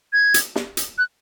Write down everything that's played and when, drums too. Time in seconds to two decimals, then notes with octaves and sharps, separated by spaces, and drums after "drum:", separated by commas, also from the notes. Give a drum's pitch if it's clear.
0.13 G#6
0.34 drum: hi-hat
0.56 drum: snare
0.77 drum: hi-hat
0.98 F#6